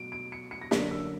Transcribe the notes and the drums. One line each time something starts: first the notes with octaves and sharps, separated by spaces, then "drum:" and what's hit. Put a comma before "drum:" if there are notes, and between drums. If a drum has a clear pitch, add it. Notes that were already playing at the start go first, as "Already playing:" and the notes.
Already playing: B2 F#3 D7
D7
C#7
C#7
A#6
F#2 D3 A#3 D4 B6, drum: snare
E6